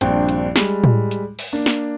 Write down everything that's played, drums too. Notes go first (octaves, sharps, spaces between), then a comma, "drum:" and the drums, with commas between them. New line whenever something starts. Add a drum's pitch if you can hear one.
A#1 G2 C4 D4 G5, drum: hi-hat
drum: hi-hat
G3 G#3, drum: snare
drum: tom A2
drum: hi-hat
drum: open hi-hat
A#3 D4
drum: snare